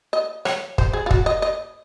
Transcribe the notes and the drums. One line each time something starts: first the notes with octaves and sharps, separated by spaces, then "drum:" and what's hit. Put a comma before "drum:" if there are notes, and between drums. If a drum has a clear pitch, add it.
D#5
C#5, drum: rim click
C5, drum: kick
G#4
F4
F#4, drum: kick
D#5
D#5